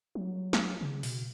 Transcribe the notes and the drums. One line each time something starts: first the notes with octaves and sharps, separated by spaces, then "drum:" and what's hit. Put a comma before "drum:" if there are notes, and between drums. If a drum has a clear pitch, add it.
F#3
drum: snare
C#3
B2, drum: open hi-hat